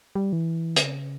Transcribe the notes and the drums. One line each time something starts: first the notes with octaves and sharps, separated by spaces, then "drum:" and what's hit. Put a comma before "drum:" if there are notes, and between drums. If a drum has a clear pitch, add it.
G3
E3
D3, drum: hi-hat
C#3